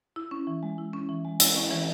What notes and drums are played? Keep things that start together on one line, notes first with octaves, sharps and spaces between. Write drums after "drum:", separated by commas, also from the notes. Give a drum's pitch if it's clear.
E4
C#4
E3
G#3
E4
C#4
E3
G#3
E4, drum: hi-hat
C#4
E3